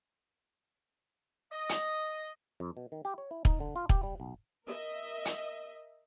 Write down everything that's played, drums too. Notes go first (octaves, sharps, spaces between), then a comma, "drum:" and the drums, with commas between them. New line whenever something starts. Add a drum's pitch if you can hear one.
D#5
drum: hi-hat
F2
B2
D#3
G4
C#5
E4
D#4, drum: kick
D3
F4
G4, drum: kick
G3
B1
A#4 D#5 E5
drum: hi-hat